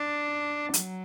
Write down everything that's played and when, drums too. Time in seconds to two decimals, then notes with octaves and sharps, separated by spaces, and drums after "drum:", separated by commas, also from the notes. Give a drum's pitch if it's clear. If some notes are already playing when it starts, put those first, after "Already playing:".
Already playing: D4
0.74 F#3, drum: hi-hat